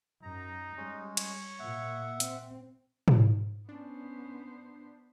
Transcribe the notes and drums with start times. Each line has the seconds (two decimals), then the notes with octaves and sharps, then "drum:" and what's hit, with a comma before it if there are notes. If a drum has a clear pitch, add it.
0.23 F#2 D#4 A#5
0.77 G3 G#3 C#4
1.17 C#5, drum: cymbal
1.59 A#2 A#3 E5 F#5
2.20 C4, drum: hi-hat
3.08 drum: tom
3.69 B3 C#4 D4 C5